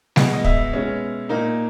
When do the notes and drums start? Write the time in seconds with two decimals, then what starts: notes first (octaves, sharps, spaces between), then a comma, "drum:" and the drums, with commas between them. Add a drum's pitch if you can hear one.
0.16 B2 G#3 B3 F#5, drum: snare G3
0.33 D#5
0.44 E5, drum: kick
0.73 B2 G#3 C#4
1.29 A#2 A#3 D#4